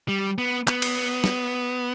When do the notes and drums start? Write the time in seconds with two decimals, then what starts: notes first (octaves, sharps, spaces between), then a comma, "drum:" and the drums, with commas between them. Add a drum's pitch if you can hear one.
0.08 G3
0.38 B3
0.68 B3, drum: clap
0.82 drum: cymbal
1.24 drum: snare